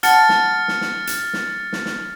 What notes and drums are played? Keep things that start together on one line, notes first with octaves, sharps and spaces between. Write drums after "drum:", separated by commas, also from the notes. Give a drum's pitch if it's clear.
F#5 A5 F6 A6 C#7, drum: hi-hat
drum: snare
drum: snare
drum: snare
drum: hi-hat
drum: snare
drum: snare
drum: snare